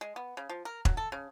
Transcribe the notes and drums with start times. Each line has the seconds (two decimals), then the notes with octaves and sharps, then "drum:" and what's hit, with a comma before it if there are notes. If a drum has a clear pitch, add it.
0.01 G#3
0.16 B3
0.37 C#3
0.49 F3
0.65 A#4
0.85 F#3, drum: kick E1
0.97 A4
1.12 C#3